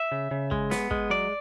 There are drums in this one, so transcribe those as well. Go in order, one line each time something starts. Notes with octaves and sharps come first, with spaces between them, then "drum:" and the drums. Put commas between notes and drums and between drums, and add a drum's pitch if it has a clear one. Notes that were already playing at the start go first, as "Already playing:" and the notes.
Already playing: E5
C#3
C#3
G#3, drum: kick
B3, drum: snare
G#3, drum: kick
F#3 D5